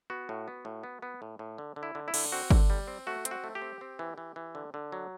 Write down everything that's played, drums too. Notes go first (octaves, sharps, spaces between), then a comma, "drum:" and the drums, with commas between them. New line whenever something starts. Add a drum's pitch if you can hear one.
B3 F#4
A2
B3
A2
B3
B3
A2
A2
D3
D3
E4
D3
E4
D3, drum: cymbal
C4 F#4
D3, drum: kick
G3
C4
A3 F#4
C4, drum: hi-hat
F#4
A3
G4
C4
C4
E3
E3
E3
D3
D3
F#3